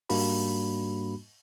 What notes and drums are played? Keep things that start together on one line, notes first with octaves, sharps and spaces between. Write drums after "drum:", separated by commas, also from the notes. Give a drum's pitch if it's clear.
G#2 G3 A#3 D4 F#4 B5, drum: open hi-hat